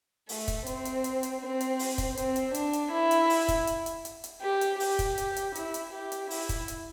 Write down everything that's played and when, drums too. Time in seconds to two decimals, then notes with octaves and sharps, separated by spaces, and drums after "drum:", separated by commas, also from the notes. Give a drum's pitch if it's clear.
0.29 A3, drum: open hi-hat
0.48 drum: kick, hi-hat
0.66 C4, drum: hi-hat
0.85 drum: hi-hat
1.04 drum: hi-hat
1.23 drum: hi-hat
1.42 C4
1.60 drum: hi-hat
1.79 drum: open hi-hat
1.98 drum: kick, hi-hat
2.17 C4, drum: hi-hat
2.36 drum: hi-hat
2.54 D4, drum: hi-hat
2.73 drum: hi-hat
2.92 E4
3.11 drum: hi-hat
3.30 drum: open hi-hat
3.48 drum: kick, hi-hat
3.67 drum: hi-hat
3.86 drum: hi-hat
4.05 drum: hi-hat
4.24 drum: hi-hat
4.42 G4
4.61 drum: hi-hat
4.80 G4, drum: open hi-hat
4.99 drum: kick, hi-hat
5.18 drum: hi-hat
5.36 drum: hi-hat
5.55 E4, drum: hi-hat
5.74 drum: hi-hat
5.93 G4
6.12 drum: hi-hat
6.30 E4, drum: open hi-hat
6.49 drum: kick, hi-hat
6.68 drum: hi-hat